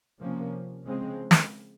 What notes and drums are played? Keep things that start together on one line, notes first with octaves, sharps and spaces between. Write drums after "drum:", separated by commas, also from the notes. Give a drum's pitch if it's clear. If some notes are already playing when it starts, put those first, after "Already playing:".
C3 F3 A#3 C#4
C#3 F3 G#3 C4
drum: snare